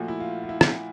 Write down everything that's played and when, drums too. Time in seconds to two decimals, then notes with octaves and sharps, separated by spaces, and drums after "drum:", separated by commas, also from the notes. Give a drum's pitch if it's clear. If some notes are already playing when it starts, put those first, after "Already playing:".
Already playing: A#2 F3 A3 F#4
0.08 E4
0.20 F4
0.43 F4
0.49 E4
0.61 drum: rim click